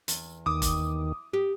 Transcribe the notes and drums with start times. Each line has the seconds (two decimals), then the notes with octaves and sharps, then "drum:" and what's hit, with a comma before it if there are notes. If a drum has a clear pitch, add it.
0.08 E2, drum: hi-hat
0.46 D#2 D#3 D6 D#6
0.62 drum: kick F1, hi-hat
1.33 G4